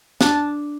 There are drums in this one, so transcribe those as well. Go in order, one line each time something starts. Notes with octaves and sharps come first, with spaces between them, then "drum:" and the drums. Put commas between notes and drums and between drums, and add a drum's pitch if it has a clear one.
D4 A5, drum: snare